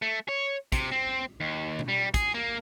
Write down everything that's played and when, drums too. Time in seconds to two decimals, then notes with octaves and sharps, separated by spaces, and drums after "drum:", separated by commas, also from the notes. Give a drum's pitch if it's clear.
0.02 A3
0.28 C#5
0.72 C3, drum: kick, hi-hat
0.92 C4
1.40 D#2
1.79 drum: tom B2
1.88 G3
2.14 G#4, drum: kick, hi-hat
2.34 A#3